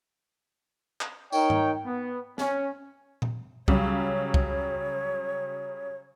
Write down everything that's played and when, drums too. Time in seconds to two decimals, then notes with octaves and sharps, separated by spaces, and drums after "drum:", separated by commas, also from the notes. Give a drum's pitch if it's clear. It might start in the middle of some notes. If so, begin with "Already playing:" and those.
1.01 drum: clap
1.32 D#4 A#4 C#5 G5, drum: tambourine
1.50 drum: tom G#2
1.85 B3
2.38 C#4, drum: snare
3.22 drum: tom A#2
3.68 C#3 F#3 G3 C#5, drum: kick C2
4.34 drum: kick C2